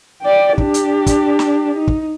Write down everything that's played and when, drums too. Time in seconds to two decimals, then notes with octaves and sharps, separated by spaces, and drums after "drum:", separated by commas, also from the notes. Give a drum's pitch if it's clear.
0.22 D5 G5
0.58 D4 G4, drum: kick
0.74 drum: hi-hat
1.06 drum: kick, hi-hat
1.39 drum: snare
1.77 D#4
1.88 drum: kick